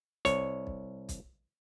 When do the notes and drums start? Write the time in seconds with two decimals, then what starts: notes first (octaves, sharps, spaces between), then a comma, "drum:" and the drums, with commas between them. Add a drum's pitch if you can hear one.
0.25 C2 C#5, drum: kick, hi-hat
0.67 drum: kick
1.09 drum: kick, hi-hat